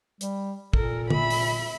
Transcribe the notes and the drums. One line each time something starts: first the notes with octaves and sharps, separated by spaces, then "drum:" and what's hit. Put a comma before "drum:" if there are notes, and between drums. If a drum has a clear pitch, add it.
G3, drum: hi-hat
A#2 A4 A#4, drum: kick
E5 B5, drum: tom D3
drum: open hi-hat